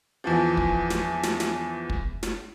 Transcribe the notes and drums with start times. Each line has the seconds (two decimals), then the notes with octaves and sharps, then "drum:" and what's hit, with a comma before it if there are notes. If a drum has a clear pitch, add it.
0.24 E2 E3 F3
0.57 drum: kick
0.90 drum: snare
1.23 drum: snare
1.40 drum: snare
1.90 drum: kick
2.23 drum: snare